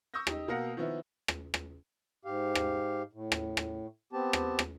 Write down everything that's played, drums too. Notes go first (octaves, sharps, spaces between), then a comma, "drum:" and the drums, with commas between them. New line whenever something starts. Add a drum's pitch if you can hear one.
C#6 D#6 E6 G6 A#6
D#4 G4, drum: rim click
B2 A#3 A#4 F5 F#5 A#6
D#3 F3 B3 E4
drum: rim click
drum: rim click
G#2 G4 F5
drum: rim click
A2
drum: rim click
drum: rim click
B3 C4 G4 A5
drum: rim click
drum: rim click